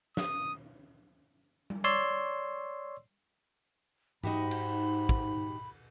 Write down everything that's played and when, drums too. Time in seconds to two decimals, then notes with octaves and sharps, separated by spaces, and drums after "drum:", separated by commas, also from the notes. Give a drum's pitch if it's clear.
0.17 D#6, drum: snare
1.70 drum: tom G3
1.84 C#5 D5 C6 E6
4.24 G#2 D#4 F#4 G4 B5, drum: tom G#2
4.51 drum: cymbal
5.09 drum: kick